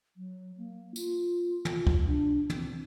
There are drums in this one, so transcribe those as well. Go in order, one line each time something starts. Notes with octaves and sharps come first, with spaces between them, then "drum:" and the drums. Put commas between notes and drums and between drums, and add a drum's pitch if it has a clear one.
F#3
A#3
F4, drum: tambourine
F4, drum: tom
drum: kick
D4
C4, drum: tom